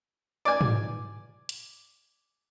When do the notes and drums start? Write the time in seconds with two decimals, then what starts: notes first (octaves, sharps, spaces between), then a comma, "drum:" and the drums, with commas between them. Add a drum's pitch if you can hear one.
0.45 D5 G#5
0.61 drum: tom
1.49 drum: hi-hat